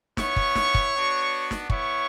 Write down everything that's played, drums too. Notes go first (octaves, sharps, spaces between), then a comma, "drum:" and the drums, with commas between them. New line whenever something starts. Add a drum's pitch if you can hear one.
B3 E4 C#5 C#6, drum: snare
drum: kick
drum: snare
drum: kick
B3 D4 F#4
drum: snare
B3 E4 C#5 C#6, drum: kick